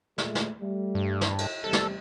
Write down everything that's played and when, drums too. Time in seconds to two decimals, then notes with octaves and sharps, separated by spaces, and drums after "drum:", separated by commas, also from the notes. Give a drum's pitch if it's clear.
0.18 A#2 G#3 A3, drum: snare
0.35 drum: snare
0.61 G3 A3
0.95 G2
1.21 drum: snare
1.38 drum: cymbal
1.64 E2 C3 G3 A4
1.73 drum: snare